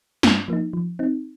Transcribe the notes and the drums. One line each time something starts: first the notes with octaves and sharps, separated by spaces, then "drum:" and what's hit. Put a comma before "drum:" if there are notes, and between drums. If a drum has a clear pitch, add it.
G2, drum: snare
F3 A#3 D#4
F3
C4 D#4